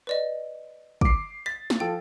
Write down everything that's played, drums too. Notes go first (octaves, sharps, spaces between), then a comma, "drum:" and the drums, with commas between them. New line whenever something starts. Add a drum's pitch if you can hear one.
B4 D5 D#5
D6 C7, drum: kick
A6 B6
drum: snare
F3 A4 G5